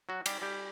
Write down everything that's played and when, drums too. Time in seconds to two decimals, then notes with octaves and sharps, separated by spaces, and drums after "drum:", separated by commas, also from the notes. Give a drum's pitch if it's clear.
0.09 F#3 F#4
0.26 G3 G4, drum: cymbal
0.42 G3 G4